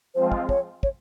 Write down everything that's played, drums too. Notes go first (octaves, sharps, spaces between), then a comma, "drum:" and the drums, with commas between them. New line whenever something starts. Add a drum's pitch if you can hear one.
F3 G#3 C4 F4 C5
drum: kick
C#5, drum: kick
C#5, drum: kick